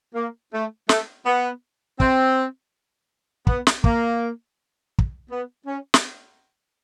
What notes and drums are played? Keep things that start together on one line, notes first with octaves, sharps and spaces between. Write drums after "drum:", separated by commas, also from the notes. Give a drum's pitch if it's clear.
A#3
A3
A3, drum: snare
B3
C4, drum: kick
B3, drum: kick
drum: snare
A#3, drum: kick
drum: kick
B3
C#4
drum: snare